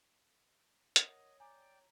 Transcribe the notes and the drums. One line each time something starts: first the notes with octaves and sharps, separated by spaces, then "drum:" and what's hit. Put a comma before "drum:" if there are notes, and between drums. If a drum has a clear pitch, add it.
A#4 C#5 D#5 F#5, drum: hi-hat
D5 G5 G#5 A#5 D6